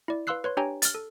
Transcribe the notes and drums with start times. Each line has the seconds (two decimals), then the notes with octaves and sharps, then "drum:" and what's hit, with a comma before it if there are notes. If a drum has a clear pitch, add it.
0.08 E4 D5
0.27 B4 F5 C6 E6 F#6 C7
0.44 B4 C#5 C6
0.57 D4 G4 C#5 G5 G#5 A#5
0.82 F6 A6, drum: hi-hat
0.94 A4